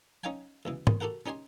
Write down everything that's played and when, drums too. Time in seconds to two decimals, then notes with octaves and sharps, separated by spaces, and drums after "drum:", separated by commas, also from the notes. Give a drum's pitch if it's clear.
0.24 C#4 D#4 C#5 F5 G5 G#5
0.65 C#2 B2 E3
0.87 D#3, drum: tom
1.00 F#4 G4 A4 A#4 F#5
1.26 C#4 D#4 G4 G#5 C6